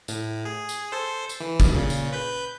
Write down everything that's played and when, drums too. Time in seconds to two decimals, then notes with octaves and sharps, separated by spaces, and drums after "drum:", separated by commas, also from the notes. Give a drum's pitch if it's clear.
0.08 A2, drum: tambourine
0.45 G#4
0.69 drum: tambourine
0.92 A4 C5
1.29 drum: tambourine
1.40 E3
1.60 drum: kick, tambourine
1.75 A#2 C#3
1.90 drum: tambourine
2.13 B4 G6